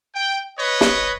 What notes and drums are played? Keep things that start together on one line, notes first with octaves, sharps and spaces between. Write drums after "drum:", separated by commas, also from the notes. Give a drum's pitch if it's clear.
G5
B4 C#5 D#5
drum: snare